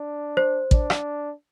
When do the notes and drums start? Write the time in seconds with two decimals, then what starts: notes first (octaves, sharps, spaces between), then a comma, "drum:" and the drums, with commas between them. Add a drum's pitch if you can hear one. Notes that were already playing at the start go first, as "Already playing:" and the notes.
Already playing: D4
0.37 C5
0.71 D4, drum: kick
0.90 drum: rim click